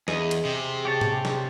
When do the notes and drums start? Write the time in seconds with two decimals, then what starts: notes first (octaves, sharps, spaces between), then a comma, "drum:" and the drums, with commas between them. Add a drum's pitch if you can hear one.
0.08 E2 G#4 D#5, drum: snare
0.31 drum: cymbal
0.45 C3
0.85 G4 C#5 A5
1.01 drum: tom A2
1.25 drum: snare